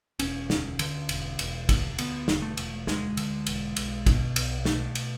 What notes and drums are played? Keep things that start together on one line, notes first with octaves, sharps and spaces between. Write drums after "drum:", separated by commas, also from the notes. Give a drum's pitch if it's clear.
E1 C#4, drum: cymbal
D2, drum: snare
D3, drum: cymbal
E1, drum: cymbal
E1, drum: cymbal
D2, drum: kick, cymbal
D3 B3, drum: cymbal
E1, drum: snare
A3
E1, drum: cymbal
D2 G#3, drum: snare
D3, drum: cymbal
E1, drum: cymbal
B1, drum: cymbal
B2, drum: kick, cymbal
B1, drum: cymbal
B2 A3, drum: snare
drum: cymbal